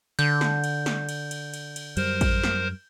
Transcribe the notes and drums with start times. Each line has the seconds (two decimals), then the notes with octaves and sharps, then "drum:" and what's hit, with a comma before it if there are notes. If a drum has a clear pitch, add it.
0.19 D3 G6, drum: cymbal
0.41 drum: snare
0.64 drum: cymbal
0.86 drum: snare
1.09 drum: cymbal
1.31 drum: cymbal
1.54 drum: cymbal
1.76 drum: cymbal
1.97 F#2 G3 A#4 C5, drum: cymbal
2.21 drum: kick A1, cymbal
2.44 drum: snare